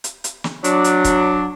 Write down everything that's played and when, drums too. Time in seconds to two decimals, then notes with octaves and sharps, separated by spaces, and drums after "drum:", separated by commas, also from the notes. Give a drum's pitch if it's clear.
0.04 drum: hi-hat
0.24 drum: hi-hat
0.44 drum: snare
0.64 F#3 D4, drum: hi-hat
0.84 drum: hi-hat
1.04 drum: kick, hi-hat